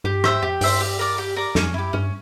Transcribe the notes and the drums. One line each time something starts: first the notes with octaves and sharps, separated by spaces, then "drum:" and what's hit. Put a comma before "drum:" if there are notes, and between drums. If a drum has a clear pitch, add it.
G2 G4
G#2 C5 E5 G5, drum: rim click
F2 G4
G2 C5 E5 G5, drum: open hi-hat
G4
A#4 D5
G4
A#4 D5
F2 C#4, drum: snare
F#2 E4 G4
G2 C#4